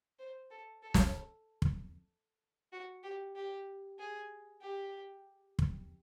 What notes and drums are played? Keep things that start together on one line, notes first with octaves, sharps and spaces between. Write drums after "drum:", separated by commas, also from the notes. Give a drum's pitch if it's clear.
C5
A4
A4
drum: snare
drum: kick
F#4
G4
G4
G#4
G4
drum: kick